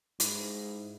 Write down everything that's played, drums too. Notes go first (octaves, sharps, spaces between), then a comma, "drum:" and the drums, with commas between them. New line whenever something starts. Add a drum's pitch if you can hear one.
G#2 E4, drum: hi-hat